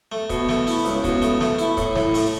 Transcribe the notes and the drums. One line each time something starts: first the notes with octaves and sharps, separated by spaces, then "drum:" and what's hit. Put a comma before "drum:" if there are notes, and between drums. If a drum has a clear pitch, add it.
A3
B2, drum: kick, hi-hat
A3, drum: snare
E4, drum: open hi-hat
C#2, drum: hi-hat
B2, drum: kick, hi-hat
A3, drum: hi-hat
A3, drum: snare
E4, drum: hi-hat
A2, drum: kick, hi-hat
A2, drum: snare
A3, drum: open hi-hat